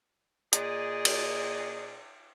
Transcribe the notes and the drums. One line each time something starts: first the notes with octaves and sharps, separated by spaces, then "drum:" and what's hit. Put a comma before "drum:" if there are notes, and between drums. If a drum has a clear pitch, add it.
A#2 G#4 D5 D#5, drum: hi-hat
drum: cymbal